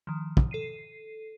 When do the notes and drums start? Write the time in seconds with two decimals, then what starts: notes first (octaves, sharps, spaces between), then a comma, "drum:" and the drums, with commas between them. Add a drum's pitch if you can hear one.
0.07 D#3 F3
0.37 drum: kick
0.51 A4 C7 D#7